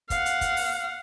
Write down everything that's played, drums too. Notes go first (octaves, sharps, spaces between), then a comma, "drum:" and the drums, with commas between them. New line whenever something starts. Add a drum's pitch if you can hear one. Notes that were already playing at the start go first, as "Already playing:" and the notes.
F5 F#5, drum: kick, hi-hat
drum: hi-hat
drum: kick, hi-hat
drum: open hi-hat